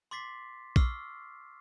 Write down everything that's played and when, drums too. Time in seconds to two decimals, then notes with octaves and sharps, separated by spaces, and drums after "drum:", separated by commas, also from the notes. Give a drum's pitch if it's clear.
0.11 C6 D6 A6 B6 C7
0.76 C#6 D6 E6 F6 C7, drum: kick A#1